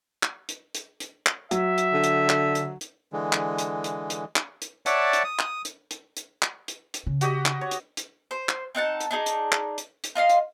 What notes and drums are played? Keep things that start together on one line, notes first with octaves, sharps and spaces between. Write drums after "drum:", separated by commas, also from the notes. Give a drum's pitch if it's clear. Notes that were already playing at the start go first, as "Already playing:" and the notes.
drum: clap
drum: hi-hat
drum: hi-hat
drum: hi-hat
drum: clap
F#3 E5, drum: hi-hat
drum: hi-hat
D3
drum: hi-hat
drum: clap
drum: hi-hat
drum: hi-hat
D3 E3 G#3
drum: clap
drum: hi-hat
drum: hi-hat
drum: hi-hat
drum: clap
drum: hi-hat
C#5 D5 E5 F#5 A5, drum: hi-hat
drum: hi-hat
D#6
drum: clap
drum: hi-hat
drum: hi-hat
drum: hi-hat
drum: clap
drum: hi-hat
drum: hi-hat
C#3
F#4 G4 D#5, drum: hi-hat
drum: clap
C#5
drum: hi-hat
drum: hi-hat
C5
drum: clap
C4 D#4 F#5 A5
drum: hi-hat
D4 D#4 G#4
drum: hi-hat
drum: clap
drum: hi-hat
drum: hi-hat
F4 D#5 F5 C6
drum: hi-hat